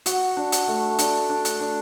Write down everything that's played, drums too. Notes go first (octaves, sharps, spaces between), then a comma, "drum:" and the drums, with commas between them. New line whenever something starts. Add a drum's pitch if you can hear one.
F#4, drum: hi-hat
D4
drum: hi-hat
A3
D4, drum: hi-hat
D4
drum: hi-hat
D4